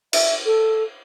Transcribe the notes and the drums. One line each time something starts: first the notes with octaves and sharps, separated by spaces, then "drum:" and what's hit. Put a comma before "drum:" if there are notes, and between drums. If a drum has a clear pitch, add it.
E5, drum: cymbal
A4